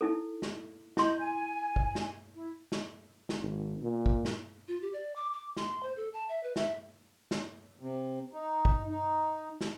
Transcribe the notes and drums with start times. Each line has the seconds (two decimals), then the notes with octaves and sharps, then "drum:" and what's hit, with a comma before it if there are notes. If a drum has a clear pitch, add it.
0.01 D#4 E4 A4
0.42 drum: snare
0.97 E4 D#5 C6 G6, drum: snare
1.19 G#5
1.76 drum: kick
1.95 drum: snare
2.34 E4
2.72 drum: snare
3.29 drum: snare
3.40 G#1
3.82 A#2
4.06 drum: kick
4.25 drum: snare
4.68 F4
4.82 G4
4.93 D5
5.16 D6
5.33 D6
5.57 C6, drum: snare
5.83 C5
5.97 A4
6.14 A5
6.29 E5
6.43 B4
6.56 E5, drum: snare
7.31 drum: snare
7.80 C3
8.33 D#4
8.65 drum: kick
8.89 D#4
9.61 drum: snare